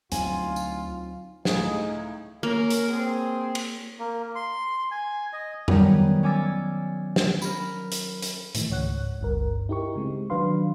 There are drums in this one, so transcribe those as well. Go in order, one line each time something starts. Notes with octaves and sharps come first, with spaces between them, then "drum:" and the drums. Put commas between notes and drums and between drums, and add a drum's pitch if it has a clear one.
D2 F#3 C4 D#4 F4 G#5, drum: hi-hat
drum: tambourine
C#2 A2 D#4 G#4 D#5, drum: snare
A#3 C#4 A#4
drum: hi-hat
C4 G#4
drum: cymbal
A#3
C6
G#5
D#5
D#3 F#3 G3 B3 C#4 D#4, drum: tom F2
C#4 G#5 D6 E6 A6
drum: snare
A#4 B5, drum: tambourine
drum: hi-hat
drum: hi-hat
A2 D#3 E3, drum: hi-hat
C#2 G#2 C#3 C#5 F#5 F#6
G1 C#2 G2 A#4
D#4 E4 G4 A#4 C#6
C#3 G#3 C4
D#3 F#3 D4 B4 F5 C6